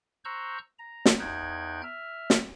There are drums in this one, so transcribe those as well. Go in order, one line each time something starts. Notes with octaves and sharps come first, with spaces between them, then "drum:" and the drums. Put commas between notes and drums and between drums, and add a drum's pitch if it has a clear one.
C5 A#5 C#6 E6 F#6 G6
A#5
drum: snare
E2 D#4 G5 F#6 G#6
E5 F6
drum: snare